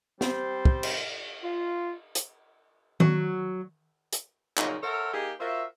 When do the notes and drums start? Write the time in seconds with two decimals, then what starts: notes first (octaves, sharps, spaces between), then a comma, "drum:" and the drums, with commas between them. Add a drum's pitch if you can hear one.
0.21 G3 C4 C5, drum: snare
0.65 drum: kick
0.83 drum: cymbal
1.44 F4
2.15 drum: hi-hat
3.00 F#3, drum: tom D#3
4.13 drum: hi-hat
4.58 A#2 C#3 F3 F#3 D#4, drum: clap
4.83 A4 A#4 C5 C#5 E5 F#5
5.13 A#3 D#4 G4 G#4
5.40 F4 F#4 A#4 C5 E5